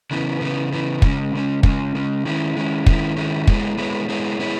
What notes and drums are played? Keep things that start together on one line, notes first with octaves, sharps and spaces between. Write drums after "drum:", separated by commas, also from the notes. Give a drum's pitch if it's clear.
C#3 E3 B3
C#3 E3 B3
C#3 E3 B3
C#3 G#3 C#4, drum: kick
C#3 G#3 C#4
C#3 G#3 C#4, drum: kick
C#3 G#3 C#4
D#3 G#3 C#4 E4
D#3 G#3 C#4 E4
D#3 G#3 C#4 E4, drum: kick
D#3 G#3 C#4 E4
G#3 B3 E4 G#4 C#5, drum: kick
G#3 B3 E4 G#4 C#5
G#3 B3 E4 G#4 C#5
G#3 B3 E4 G#4 C#5